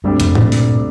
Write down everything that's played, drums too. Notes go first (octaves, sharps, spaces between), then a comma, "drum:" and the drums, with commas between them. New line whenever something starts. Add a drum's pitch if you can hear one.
D2 G2 C3 G3 D4 G4
F2 G#2, drum: hi-hat
G2 A#2, drum: tom G#2
G2 A#2, drum: open hi-hat